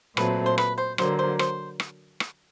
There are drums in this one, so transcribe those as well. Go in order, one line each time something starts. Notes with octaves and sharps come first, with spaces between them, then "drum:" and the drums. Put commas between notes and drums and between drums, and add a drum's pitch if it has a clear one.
A#2 F#3 A3 C4 B4, drum: rim click
C5
B4, drum: rim click
C5
D3 F#3 A#3 C5, drum: rim click
C5
C5, drum: rim click
drum: rim click
drum: rim click